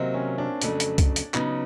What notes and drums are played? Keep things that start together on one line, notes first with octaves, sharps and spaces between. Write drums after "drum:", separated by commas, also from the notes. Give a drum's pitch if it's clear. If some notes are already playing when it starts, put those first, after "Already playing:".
Already playing: C3 D#3 F#3 A#3 C4
C#4
D4
F2 C#3 F#3 A3, drum: hi-hat
drum: hi-hat
drum: kick, hi-hat
drum: hi-hat
C#3 F#3 B3 D#4, drum: clap